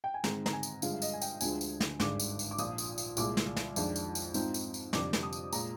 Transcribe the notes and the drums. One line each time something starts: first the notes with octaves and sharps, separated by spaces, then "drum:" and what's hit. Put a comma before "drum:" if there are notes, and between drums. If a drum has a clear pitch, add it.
G5
G#5
G#2 D#3 G#3 C4 A#5, drum: snare
A#5, drum: snare
G#5
drum: tambourine
G2 D3 F3 G#3 F5, drum: tambourine
F5
D#5, drum: tambourine
G#5
G5, drum: tambourine
D2 D3 F3 G#3 G#5, drum: tambourine
drum: tambourine
drum: snare
G#1 G2 D3 G#3 D4 D6, drum: snare
drum: tambourine
drum: tambourine
D6
A#1 A#2 F3 D#6, drum: tambourine
drum: tambourine
drum: tambourine
C2 A#2 G#3 D6, drum: tambourine
drum: snare
drum: snare
F2 D#3 G#3 D4 F4, drum: tambourine
drum: tambourine
drum: tambourine
G#2 F3 C4 D#4, drum: tambourine
drum: tambourine
drum: tambourine
F2 C3 G3 D4 D6, drum: snare
drum: snare
D#6
drum: tambourine
A#2 G#3 A#5, drum: tambourine